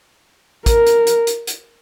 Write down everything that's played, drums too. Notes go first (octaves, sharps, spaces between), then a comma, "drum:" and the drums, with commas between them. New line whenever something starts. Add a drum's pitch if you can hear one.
A#4, drum: kick, hi-hat
drum: hi-hat
drum: hi-hat
drum: hi-hat
drum: hi-hat